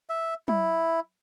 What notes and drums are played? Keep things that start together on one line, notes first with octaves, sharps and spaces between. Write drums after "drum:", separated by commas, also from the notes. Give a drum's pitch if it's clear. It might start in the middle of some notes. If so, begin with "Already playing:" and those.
E5
E4, drum: tom F#3